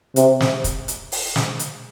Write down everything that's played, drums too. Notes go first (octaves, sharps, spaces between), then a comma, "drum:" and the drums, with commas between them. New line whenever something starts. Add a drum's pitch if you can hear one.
C3, drum: hi-hat
drum: snare
drum: kick, hi-hat
drum: hi-hat
drum: open hi-hat
drum: snare
drum: hi-hat